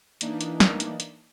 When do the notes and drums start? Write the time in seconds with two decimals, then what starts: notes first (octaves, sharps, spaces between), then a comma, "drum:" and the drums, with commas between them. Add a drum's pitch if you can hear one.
0.21 E3 A#3 D4 D#4, drum: hi-hat
0.41 drum: hi-hat
0.60 drum: snare
0.80 drum: hi-hat
1.00 drum: hi-hat